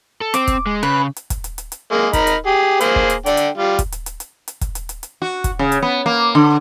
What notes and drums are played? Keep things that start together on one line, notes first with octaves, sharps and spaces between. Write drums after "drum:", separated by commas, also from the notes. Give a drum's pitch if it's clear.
A4
C4 D6, drum: hi-hat
drum: kick, hi-hat
G#3
C#3 B4
drum: hi-hat
drum: kick, hi-hat
drum: hi-hat
drum: hi-hat
drum: hi-hat
G#3 A#3
D#4 A#4 B5, drum: kick, hi-hat
drum: hi-hat
G4 G#4
A#3 G#4 C5, drum: hi-hat
drum: kick
drum: hi-hat
D3 D5 G5, drum: hi-hat
drum: hi-hat
G3 F4
drum: kick, hi-hat
drum: hi-hat
drum: hi-hat
drum: hi-hat
drum: hi-hat
drum: kick, hi-hat
drum: hi-hat
drum: hi-hat
drum: hi-hat
F#4
drum: kick, hi-hat
C#3
drum: hi-hat
B3
A#3
D3